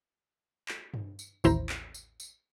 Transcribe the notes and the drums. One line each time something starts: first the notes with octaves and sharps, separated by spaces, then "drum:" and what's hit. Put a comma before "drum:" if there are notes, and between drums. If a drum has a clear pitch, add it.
drum: clap
drum: tom G2
drum: tambourine
A1 D#2 E4 C5 A#5, drum: tambourine
drum: clap
drum: tambourine
drum: tambourine